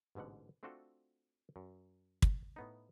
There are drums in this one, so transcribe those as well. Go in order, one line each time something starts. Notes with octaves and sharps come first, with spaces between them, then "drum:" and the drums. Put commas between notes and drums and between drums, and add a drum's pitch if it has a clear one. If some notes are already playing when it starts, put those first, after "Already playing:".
A1 G#2 B2 D3 F#5
A3 C4 D4 F4 F#4 A4
F#2
drum: kick
A2 B3 D#4